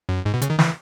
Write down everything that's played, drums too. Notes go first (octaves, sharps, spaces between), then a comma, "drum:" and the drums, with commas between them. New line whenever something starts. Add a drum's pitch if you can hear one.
F#2
G#2
B2
C#3, drum: hi-hat
D#3
E3, drum: snare